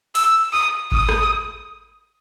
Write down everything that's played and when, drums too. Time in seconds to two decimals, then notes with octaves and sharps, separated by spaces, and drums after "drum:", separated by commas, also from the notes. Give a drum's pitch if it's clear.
0.15 E6, drum: open hi-hat
0.53 D#6
0.92 D#6, drum: kick G#1
1.09 drum: rim click